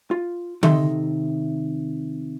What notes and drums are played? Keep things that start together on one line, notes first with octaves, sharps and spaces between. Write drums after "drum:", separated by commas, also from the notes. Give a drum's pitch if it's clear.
F4
C3 D#3 A4 D#5 E5 C6, drum: tom D3